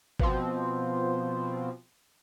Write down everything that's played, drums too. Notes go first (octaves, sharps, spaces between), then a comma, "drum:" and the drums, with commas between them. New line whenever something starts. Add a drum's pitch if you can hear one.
B2 F3 C4, drum: kick